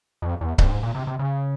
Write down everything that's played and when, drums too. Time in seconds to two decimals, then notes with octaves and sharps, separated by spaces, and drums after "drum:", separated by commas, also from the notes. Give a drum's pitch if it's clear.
0.22 F2
0.41 E2
0.58 F2, drum: kick C#1
0.67 G2
0.71 G#2
0.83 A#2
0.95 C3
1.07 C3
1.19 C#3